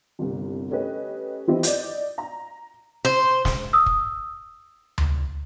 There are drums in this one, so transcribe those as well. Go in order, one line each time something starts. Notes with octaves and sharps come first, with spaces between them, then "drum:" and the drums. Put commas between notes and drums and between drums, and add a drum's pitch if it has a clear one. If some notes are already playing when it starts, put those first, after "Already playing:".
G1 C2
A3 C#4 G4 B4 D#5
E3 C4 E4 G4 D#5
D5 D#5 G6, drum: hi-hat
A#5
C5
drum: snare
D#6 E6
drum: kick
drum: tom D2